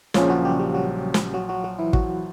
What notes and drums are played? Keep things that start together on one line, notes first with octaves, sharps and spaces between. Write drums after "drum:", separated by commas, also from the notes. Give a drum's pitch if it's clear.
A#1 A#2 C#3 F3 C#4, drum: snare
F#3 F#4
G3 G4
G3 G4
F#3 F#4
drum: snare
F#3 F#4
F#3 F#4
F#3 F#4
E3 E4
F#3 F#4, drum: kick